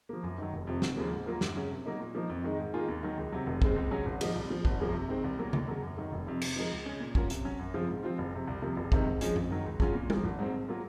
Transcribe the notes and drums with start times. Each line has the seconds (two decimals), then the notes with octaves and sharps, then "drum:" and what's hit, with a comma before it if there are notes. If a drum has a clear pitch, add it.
0.09 F3 A#3
0.23 F#2
0.38 D#3 F#3
0.53 F1
0.67 F2 C3 F3
0.82 F1, drum: snare
0.97 D#2 C#3 F3 A#3
1.12 G#2
1.26 F#3 A#3 F4 A#4
1.41 F#2, drum: snare
1.56 C#3 F#3 C#4
1.70 C3
1.86 F#3 A#3 D#4
2.00 A#2
2.15 F3 A#3 D#4
2.30 F2
2.44 D#3 G#3 D#4
2.59 G#2
2.74 D#3 A#3 F4 G#4
2.88 D#2
3.03 D#3 F#3
3.17 C#2
3.32 C3 F#3
3.47 F1
3.62 D#2 C#3 G#3 C4, drum: kick
3.76 C#2
3.91 C#3 F#3 C#4 G#4
4.06 G#1
4.21 G#2 F3 A#3 D#4, drum: cymbal
4.36 C2
4.50 A#2 F3
4.65 G#1, drum: kick
4.80 F#2 C#3 F3 A#3
4.94 C3
5.09 D#3 G#3 C4
5.24 C2
5.38 A#2 F#3 A#3
5.53 D#2, drum: tom C#3
5.68 C#3 F#3 A#3
5.83 F#2
5.97 D#3 F#3 A#3
6.12 F1
6.27 F2 C3
6.42 C3, drum: cymbal
6.56 F3 G#3 D#4 A#4
6.71 C#2
6.86 C#3 G#3 C#4
7.00 A#2
7.15 F#3 C#4 F4 A#4, drum: kick
7.30 C3, drum: hi-hat
7.45 F#3 C#4
7.59 F#2
7.74 C#3 F3 C4 F4
7.89 G#2
8.03 F3 C4 F4
8.18 F#1
8.33 F2 C3
8.47 C2
8.62 C3 F3 A#3
8.77 F#1
8.92 F2 C3 D#3 G#3, drum: kick
9.07 G#2
9.21 F3 G#3 C#4 G#4, drum: hi-hat
9.36 F2, drum: tom F#2
9.51 D#3 F#3
9.65 C#2
9.80 C#3 F#3 C#4 F4, drum: kick
9.95 A#2
10.10 F3 A#3, drum: tom
10.24 G#1
10.39 G#2 F#3 C4
10.53 G#2
10.68 F#3 A#3 F4